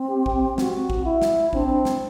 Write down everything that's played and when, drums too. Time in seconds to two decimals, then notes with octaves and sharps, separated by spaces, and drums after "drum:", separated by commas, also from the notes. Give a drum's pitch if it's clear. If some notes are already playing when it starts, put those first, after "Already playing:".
Already playing: C4
0.10 G4
0.26 drum: kick
0.58 F#4, drum: snare
0.90 drum: kick
1.05 E4
1.22 drum: snare
1.53 C4 D4, drum: kick
1.69 D4
1.85 drum: snare